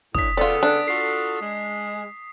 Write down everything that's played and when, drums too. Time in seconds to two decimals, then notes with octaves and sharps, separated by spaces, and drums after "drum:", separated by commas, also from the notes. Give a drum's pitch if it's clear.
0.15 A2 D4 D#6 B6, drum: kick
0.37 C#3 B3 F4 A4 D5
0.63 D4
0.88 F4 F#4 A4 C7
1.41 G#3